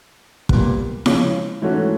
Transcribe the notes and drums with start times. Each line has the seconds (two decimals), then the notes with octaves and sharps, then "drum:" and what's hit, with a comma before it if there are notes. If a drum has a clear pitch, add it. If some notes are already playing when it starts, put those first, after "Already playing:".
0.49 A#2 G3 B3, drum: kick
1.06 C#3 F3 G#3 C#4, drum: snare E4
1.62 G#2 E3 A3 C#4 F#4